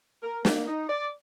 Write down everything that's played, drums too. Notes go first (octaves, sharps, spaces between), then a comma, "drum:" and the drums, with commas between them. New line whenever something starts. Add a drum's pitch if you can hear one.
A#4
A#3, drum: snare
D#4
D5